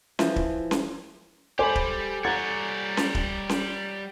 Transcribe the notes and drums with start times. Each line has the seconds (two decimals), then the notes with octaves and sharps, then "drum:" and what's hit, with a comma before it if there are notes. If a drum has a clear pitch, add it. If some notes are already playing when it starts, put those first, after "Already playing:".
0.19 E3 F3, drum: snare C#4
0.36 drum: kick
0.71 drum: snare C#4
1.59 G4 A4 C5 G#5 B5 D6
1.75 drum: kick
2.24 G3 C#5 F#5 A#5 A6
2.97 drum: snare C#4
3.15 drum: kick
3.49 drum: snare C#4